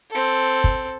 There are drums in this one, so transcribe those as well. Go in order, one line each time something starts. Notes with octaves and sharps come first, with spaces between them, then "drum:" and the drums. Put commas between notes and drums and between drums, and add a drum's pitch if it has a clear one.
C4 A4
drum: kick